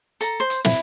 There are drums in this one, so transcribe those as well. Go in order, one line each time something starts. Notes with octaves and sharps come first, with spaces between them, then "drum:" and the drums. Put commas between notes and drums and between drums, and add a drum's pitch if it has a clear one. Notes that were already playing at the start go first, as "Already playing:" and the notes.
A4 A#5, drum: hi-hat
C5
drum: hi-hat
E4, drum: snare